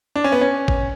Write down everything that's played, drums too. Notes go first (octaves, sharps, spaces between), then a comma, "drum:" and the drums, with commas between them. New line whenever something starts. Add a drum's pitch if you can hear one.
D4
C#4
B3
C#4
drum: kick A1